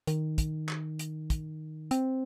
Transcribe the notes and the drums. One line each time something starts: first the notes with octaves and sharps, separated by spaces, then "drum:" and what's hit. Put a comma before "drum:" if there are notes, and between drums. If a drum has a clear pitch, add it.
D#3, drum: hi-hat
drum: kick, hi-hat
drum: clap
drum: hi-hat
drum: kick, hi-hat
C4, drum: hi-hat